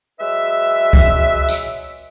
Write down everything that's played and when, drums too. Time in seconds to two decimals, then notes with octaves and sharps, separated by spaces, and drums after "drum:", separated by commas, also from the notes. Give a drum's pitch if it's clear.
0.20 F#3 G#3 B4 E5
0.93 drum: kick C#2
1.49 drum: tambourine